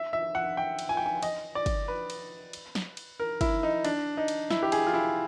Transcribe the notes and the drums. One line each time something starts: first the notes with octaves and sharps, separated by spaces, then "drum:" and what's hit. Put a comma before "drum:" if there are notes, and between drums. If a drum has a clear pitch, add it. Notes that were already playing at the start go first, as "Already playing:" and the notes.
Already playing: E5
E5
F#5
G5
drum: cymbal
G#5
G5
G#5
D#5, drum: cymbal
D5
drum: kick, cymbal
B4
drum: cymbal
drum: cymbal
drum: snare
drum: cymbal
A#4
E4, drum: kick, cymbal
D#4
D4, drum: cymbal
D#4
drum: cymbal
E4, drum: snare
G4
G#4, drum: cymbal
F4
E4